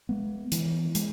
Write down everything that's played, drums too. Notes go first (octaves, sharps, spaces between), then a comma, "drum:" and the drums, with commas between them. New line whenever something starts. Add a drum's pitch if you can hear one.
G#3 B3
E3, drum: hi-hat
G#3, drum: hi-hat